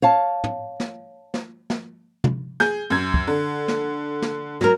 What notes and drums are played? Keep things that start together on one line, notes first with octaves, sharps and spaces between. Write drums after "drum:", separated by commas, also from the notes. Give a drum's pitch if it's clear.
C#5 F5 A5
drum: tom
drum: snare
drum: snare
drum: snare
drum: tom
G#4 G6, drum: snare
F#2 G#6
drum: kick
D3
drum: snare
drum: snare
F#3 A#4, drum: snare